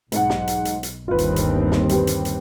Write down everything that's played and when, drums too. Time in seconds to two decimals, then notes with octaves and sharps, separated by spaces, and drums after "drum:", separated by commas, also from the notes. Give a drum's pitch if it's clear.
0.12 B1 G#2 F#5, drum: hi-hat
0.30 drum: snare
0.47 drum: hi-hat
0.65 drum: hi-hat
0.83 drum: hi-hat
1.08 G1 D#2 C4 F4 B4
1.18 drum: hi-hat
1.36 drum: hi-hat
1.72 drum: snare
1.89 G3 G4 B4, drum: hi-hat
2.07 drum: hi-hat
2.25 drum: hi-hat